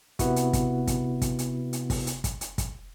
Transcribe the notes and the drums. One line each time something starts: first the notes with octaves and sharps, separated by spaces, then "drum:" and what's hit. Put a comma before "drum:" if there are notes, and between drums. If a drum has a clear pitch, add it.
C3 B3 E4 F#4, drum: kick, hi-hat
drum: hi-hat
drum: kick, hi-hat
drum: kick, hi-hat
drum: kick, hi-hat
drum: hi-hat
drum: hi-hat
drum: kick, open hi-hat
drum: hi-hat
drum: kick, hi-hat
drum: hi-hat
drum: kick, hi-hat